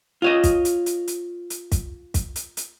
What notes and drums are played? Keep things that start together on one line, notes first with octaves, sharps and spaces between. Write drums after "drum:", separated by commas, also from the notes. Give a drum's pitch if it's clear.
F4 C#5 D#5
drum: kick, hi-hat
drum: hi-hat
drum: hi-hat
drum: hi-hat
drum: hi-hat
drum: kick, hi-hat
drum: kick, hi-hat
drum: hi-hat
drum: hi-hat